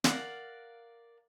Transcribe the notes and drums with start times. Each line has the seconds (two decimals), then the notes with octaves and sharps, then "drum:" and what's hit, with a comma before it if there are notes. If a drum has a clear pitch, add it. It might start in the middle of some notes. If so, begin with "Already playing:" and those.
0.04 A#4 D5 F5 F#5, drum: snare